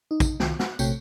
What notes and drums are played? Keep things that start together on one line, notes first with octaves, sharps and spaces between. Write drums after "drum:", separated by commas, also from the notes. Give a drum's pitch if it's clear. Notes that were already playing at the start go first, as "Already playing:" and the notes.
D#4
drum: kick, tambourine
C2 D#3 F4 G5, drum: snare
F#5, drum: snare
A#1 C3 A3 F#4 C#5 G5, drum: tambourine